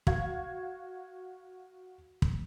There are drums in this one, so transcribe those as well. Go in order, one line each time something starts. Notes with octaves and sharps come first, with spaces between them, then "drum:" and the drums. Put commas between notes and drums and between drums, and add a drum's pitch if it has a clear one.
F#4 F5 G#6, drum: kick
drum: kick